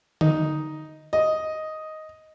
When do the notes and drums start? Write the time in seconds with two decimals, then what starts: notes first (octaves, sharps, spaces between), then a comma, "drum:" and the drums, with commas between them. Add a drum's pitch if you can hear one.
0.21 D#4, drum: tom
1.13 D#5